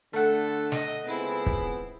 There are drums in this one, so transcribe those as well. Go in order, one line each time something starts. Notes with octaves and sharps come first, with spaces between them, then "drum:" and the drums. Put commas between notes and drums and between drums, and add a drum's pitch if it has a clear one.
D3 A3 A4 F#5
D#5, drum: snare
C#2 B3 C4 E4 G#4
drum: kick